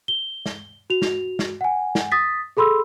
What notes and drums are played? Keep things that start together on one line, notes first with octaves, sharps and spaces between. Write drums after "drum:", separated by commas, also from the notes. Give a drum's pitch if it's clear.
G7
drum: snare
F#4 F7
drum: snare
drum: snare
F#5 G#5
drum: snare
D#6 A6 B6
G#4 A4 B5 C6 E6